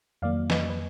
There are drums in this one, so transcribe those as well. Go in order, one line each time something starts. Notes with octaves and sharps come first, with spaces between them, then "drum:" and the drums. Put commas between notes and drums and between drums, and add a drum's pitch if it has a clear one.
F2 D#3 F#3 A#3 D5 F5
B4 D#5, drum: snare
B4